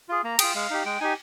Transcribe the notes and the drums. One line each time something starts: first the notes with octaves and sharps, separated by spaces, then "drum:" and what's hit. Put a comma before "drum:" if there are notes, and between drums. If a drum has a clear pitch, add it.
F4 G#4
A#3 A#5
F4 G#4 G5, drum: cymbal
G#3 F5
D#4 G4
G#3 G5
D#4 G4 G#5